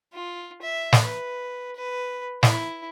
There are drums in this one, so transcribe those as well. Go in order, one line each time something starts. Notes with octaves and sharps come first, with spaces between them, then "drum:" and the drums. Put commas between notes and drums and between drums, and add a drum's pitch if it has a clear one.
F4
E5
drum: snare
B4
B4
E4, drum: snare